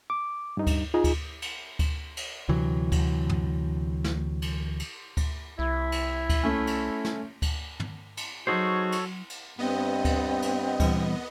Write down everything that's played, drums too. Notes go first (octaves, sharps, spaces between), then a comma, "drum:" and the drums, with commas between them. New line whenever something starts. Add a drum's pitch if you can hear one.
D6
G2 D#4
drum: kick D2, cymbal
D#4 F4 G#4
drum: kick D2, cymbal
drum: cymbal
drum: kick D2, cymbal
drum: cymbal
D2 C3 E3 F#3
drum: kick D2, cymbal
drum: tom
drum: snare
drum: cymbal
drum: cymbal
drum: kick D2, cymbal
C2 E4
drum: cymbal
drum: kick D2, cymbal
A3 C#4
drum: cymbal
drum: snare
drum: kick D2, cymbal
drum: tom
drum: cymbal
F#3 D#4 F#4 G#4 A4 C5 C#5
drum: cymbal
drum: cymbal
G2 B3 C4 D#5
drum: kick D2, cymbal
drum: cymbal
A#2 E3 G3, drum: kick D2, cymbal